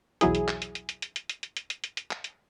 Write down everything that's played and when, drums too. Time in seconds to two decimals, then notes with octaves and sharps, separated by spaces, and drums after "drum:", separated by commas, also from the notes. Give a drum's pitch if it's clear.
0.21 B1 E2 F#3 E4 G#4, drum: hi-hat
0.35 drum: hi-hat
0.48 drum: clap
0.62 drum: hi-hat
0.75 drum: hi-hat
0.89 drum: hi-hat
1.02 drum: hi-hat
1.16 drum: hi-hat
1.29 drum: hi-hat
1.43 drum: hi-hat
1.57 drum: hi-hat
1.70 drum: hi-hat
1.84 drum: hi-hat
1.97 drum: hi-hat
2.11 drum: clap
2.24 drum: hi-hat